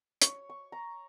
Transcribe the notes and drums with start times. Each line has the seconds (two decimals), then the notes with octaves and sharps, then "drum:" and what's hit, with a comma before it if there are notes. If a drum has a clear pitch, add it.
0.22 C#5, drum: hi-hat
0.50 C#6
0.72 A#5